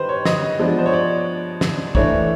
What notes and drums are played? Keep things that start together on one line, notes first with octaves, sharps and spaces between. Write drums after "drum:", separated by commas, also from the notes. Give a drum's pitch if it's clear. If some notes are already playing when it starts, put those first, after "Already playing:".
Already playing: D#3 G3 B4 C5
C#5
D#5, drum: snare
F3 G#3 B3 D4
C5
C#5
D5
drum: snare
E3 A3 D4 C#5, drum: kick